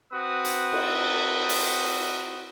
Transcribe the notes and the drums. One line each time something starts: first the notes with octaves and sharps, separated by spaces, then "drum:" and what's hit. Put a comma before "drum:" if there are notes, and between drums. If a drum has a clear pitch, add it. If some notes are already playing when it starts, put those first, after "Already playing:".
C4 F#4 B4 D#6
drum: hi-hat
drum: cymbal
drum: open hi-hat